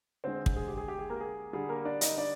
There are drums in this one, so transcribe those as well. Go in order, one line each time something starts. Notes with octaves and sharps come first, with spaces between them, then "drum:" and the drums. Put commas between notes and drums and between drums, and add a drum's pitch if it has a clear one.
D3 G#3 C4 C5
drum: kick
G#4
G4
G#4
G4
G#4
A#3 A#4
G#4
D3 G3 G#4
A#3 A#4
D4 D5
D#4 D#5, drum: hi-hat
D4 D5